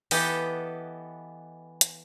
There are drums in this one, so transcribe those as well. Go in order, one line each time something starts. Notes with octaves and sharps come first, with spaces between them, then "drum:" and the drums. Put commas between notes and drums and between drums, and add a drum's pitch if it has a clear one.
E3 B3 G4 A4 D#5 G5, drum: open hi-hat
drum: hi-hat